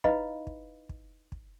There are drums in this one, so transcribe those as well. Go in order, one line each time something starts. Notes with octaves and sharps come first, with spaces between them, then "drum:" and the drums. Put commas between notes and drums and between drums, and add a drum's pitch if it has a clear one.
D#4 E4 B4 D#5 F5 B5, drum: kick
drum: kick
drum: kick
drum: kick